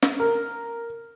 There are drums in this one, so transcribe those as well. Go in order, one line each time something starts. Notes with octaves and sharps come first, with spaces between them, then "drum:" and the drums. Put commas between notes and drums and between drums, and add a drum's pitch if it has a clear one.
drum: snare
A#4